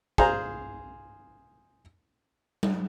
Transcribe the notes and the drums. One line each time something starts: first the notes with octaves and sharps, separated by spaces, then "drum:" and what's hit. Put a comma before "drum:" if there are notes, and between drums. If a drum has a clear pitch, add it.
G#4 C5 F5 A#5, drum: kick
drum: tom F#3